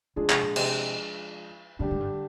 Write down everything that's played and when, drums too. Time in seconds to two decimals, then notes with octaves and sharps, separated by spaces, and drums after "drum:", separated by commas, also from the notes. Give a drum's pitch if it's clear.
0.16 D3 F3 G#3 D4 F4 G#4
0.30 C3, drum: clap
0.43 A#2
0.56 C3, drum: cymbal
1.79 A#2 D3 G3 D4 G4
1.91 G#2
2.00 G2